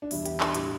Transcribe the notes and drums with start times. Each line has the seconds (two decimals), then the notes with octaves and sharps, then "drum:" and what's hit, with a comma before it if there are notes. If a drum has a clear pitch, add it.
0.02 D4
0.11 E2 D3 G3 E4, drum: open hi-hat
0.26 G4, drum: hi-hat
0.40 D4, drum: clap
0.54 A2 G3 D4, drum: hi-hat